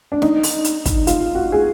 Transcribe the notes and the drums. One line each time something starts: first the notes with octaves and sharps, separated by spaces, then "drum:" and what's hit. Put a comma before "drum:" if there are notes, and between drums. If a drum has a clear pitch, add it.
D4
D#4, drum: snare
drum: open hi-hat
drum: hi-hat
drum: kick, hi-hat
F4, drum: hi-hat
F#4
G#4